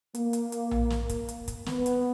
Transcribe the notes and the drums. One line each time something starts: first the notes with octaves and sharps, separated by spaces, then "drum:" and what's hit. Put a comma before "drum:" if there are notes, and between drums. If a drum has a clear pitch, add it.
A#3, drum: hi-hat
drum: hi-hat
drum: hi-hat
drum: tom A#1
drum: snare
drum: kick, hi-hat
drum: hi-hat
drum: kick, hi-hat
B3, drum: snare
drum: hi-hat